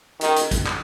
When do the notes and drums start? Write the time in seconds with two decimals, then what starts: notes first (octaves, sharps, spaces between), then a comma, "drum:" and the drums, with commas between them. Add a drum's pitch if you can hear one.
0.21 D#3, drum: hi-hat
0.36 drum: hi-hat
0.51 drum: kick, hi-hat
0.66 drum: clap